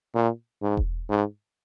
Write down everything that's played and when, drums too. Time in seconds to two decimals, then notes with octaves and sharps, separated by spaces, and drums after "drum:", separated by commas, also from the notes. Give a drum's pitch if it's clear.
0.14 A#2
0.62 G#2
0.77 drum: kick E1
1.09 G#2